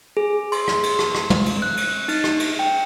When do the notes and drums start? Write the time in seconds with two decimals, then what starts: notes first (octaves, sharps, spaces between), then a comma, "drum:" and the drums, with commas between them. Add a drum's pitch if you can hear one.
0.17 G#4
0.52 C6, drum: cymbal
0.68 drum: rim click
0.83 drum: cymbal
0.99 drum: rim click
1.15 drum: rim click
1.30 drum: tom
1.46 drum: cymbal
1.62 F#6
1.77 drum: cymbal
2.08 D#4, drum: cymbal
2.24 drum: rim click
2.40 drum: cymbal
2.59 G5